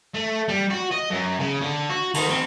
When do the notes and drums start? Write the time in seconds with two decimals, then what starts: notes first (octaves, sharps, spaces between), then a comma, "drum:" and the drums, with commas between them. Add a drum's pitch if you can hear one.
0.14 A3
0.48 G3
0.70 F#4
0.91 D#5
1.10 F#2
1.39 C#3
1.61 D3
1.89 F#4
2.14 D#3, drum: cymbal
2.29 C4